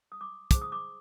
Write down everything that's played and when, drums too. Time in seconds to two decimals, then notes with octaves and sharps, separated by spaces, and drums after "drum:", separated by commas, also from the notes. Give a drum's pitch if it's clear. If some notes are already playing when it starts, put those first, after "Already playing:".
0.12 D#6
0.21 D6
0.51 D#4 G#4 C5 D6, drum: kick, hi-hat
0.62 D#6
0.72 D6